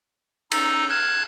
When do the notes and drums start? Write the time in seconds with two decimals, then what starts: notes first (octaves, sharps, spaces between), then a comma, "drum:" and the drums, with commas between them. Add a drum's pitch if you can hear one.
0.52 C#4 D#4 A#5 E6, drum: cymbal
0.90 A5 F6 F#6 G#6